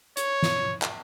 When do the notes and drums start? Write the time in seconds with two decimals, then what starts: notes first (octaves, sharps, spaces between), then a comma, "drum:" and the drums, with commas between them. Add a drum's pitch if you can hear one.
0.17 C#5, drum: hi-hat
0.42 drum: snare
0.82 drum: clap